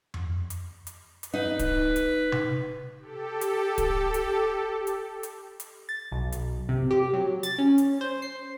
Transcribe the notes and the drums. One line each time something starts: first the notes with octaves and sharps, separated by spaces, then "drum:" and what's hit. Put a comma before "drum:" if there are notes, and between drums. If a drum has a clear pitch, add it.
drum: tom F2
drum: hi-hat
drum: hi-hat
drum: hi-hat
D#4 B4
drum: kick D1, hi-hat
drum: hi-hat
drum: tom C3
G4 A4
drum: hi-hat
drum: kick D1, hi-hat
drum: hi-hat
drum: hi-hat
drum: hi-hat
drum: hi-hat
A6
B1
drum: hi-hat
C3
G4
F#3
A6, drum: hi-hat
C#4
drum: hi-hat
C5
C7